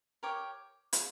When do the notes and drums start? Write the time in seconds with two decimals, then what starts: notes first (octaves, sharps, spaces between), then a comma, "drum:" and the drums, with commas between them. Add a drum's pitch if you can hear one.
0.23 G4 A#4 C#5 D6
0.93 B5, drum: hi-hat